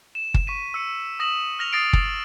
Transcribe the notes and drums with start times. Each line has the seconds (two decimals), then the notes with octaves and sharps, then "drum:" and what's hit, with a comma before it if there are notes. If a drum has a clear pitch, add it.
0.15 E7
0.34 drum: kick
0.47 C#6 B6 D#7
0.74 E6 C#7
1.20 D#6 A#6 E7 F#7
1.59 F6 A#6 F7
1.73 D#6 A6 A#6 C7 D7
1.93 drum: kick